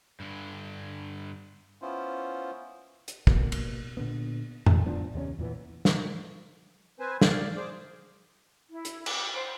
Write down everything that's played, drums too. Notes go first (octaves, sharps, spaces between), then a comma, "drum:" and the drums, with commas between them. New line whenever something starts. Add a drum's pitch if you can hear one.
G2 D3
B3 C#4 E4 F4 C5
drum: hi-hat
B2 A#3 B3, drum: kick
drum: cymbal
A#2 D3 B3
A#2, drum: tom F2
D1 F3 B3 D4
D#2 C3 B3 C#4
E2 A#2 E3 B3
drum: snare
C4 B4 C5 G#5
D5 F5, drum: snare
G#4 C5 D6
E4
drum: hi-hat
D6, drum: cymbal
C5